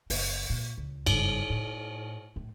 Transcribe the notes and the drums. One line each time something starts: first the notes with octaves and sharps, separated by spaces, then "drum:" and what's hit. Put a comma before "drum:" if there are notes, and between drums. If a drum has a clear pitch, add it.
F#1 A#3, drum: open hi-hat
A#2
C#2
F#1 G2, drum: cymbal
A2
A2